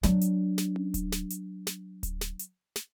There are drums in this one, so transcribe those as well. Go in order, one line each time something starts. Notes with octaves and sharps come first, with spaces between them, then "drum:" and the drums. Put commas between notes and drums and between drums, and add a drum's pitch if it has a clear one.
F#3 D4, drum: snare
drum: hi-hat
drum: snare
drum: tom C#4
drum: kick D1, hi-hat
drum: snare
drum: hi-hat
drum: snare
drum: kick D1, hi-hat
drum: snare
drum: hi-hat
drum: snare